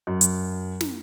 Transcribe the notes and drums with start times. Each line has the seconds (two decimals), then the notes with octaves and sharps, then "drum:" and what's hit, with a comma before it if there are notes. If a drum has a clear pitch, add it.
0.07 F#2
0.21 drum: hi-hat
0.81 drum: snare